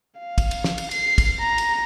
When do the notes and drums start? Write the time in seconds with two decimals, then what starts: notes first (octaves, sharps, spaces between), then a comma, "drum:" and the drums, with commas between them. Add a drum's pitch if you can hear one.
0.19 F5
0.38 drum: kick, cymbal
0.51 drum: cymbal
0.64 drum: snare
0.78 drum: cymbal
0.91 C7, drum: cymbal
1.18 drum: kick, cymbal
1.40 A#5
1.58 drum: cymbal